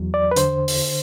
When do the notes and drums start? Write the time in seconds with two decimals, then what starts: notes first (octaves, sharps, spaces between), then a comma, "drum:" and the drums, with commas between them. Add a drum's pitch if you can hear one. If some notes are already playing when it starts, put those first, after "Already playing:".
Already playing: E2 F#3
0.14 D5
0.31 B4
0.36 D3 C5, drum: hi-hat
0.68 drum: open hi-hat